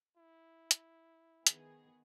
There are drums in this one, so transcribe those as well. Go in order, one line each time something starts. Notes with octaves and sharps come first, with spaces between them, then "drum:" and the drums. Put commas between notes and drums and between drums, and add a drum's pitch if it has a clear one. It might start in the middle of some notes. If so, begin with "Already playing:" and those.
E4
drum: hi-hat
D#3 B3 G#4, drum: hi-hat